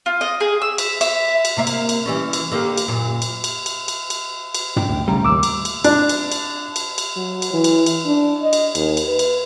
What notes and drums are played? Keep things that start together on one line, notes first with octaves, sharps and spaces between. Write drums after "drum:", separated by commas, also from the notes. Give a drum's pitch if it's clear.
F4
D#5
G#4
E6
E5, drum: cymbal
E5, drum: cymbal
drum: cymbal
C3 A#3 E5
drum: cymbal
drum: cymbal
E3 G3 C#4
drum: cymbal
D3 A#3 G4
drum: cymbal
F#2 A#2
drum: cymbal
drum: cymbal
drum: cymbal
drum: cymbal
drum: cymbal
drum: cymbal
G5, drum: tom
D2
B1 A2 C#3 G3 A#5
D#2 D6 E6
drum: cymbal
drum: cymbal
D4, drum: cymbal
drum: cymbal
drum: cymbal
drum: cymbal
drum: cymbal
F#3
drum: cymbal
E3
drum: cymbal
drum: cymbal
D4
D#5
drum: cymbal
D#2, drum: cymbal
drum: cymbal
B4
drum: cymbal